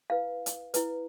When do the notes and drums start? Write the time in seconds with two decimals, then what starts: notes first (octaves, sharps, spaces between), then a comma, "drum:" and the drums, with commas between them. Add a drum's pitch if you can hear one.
0.10 E4 B4 F5
0.46 drum: hi-hat
0.74 E4 B4, drum: hi-hat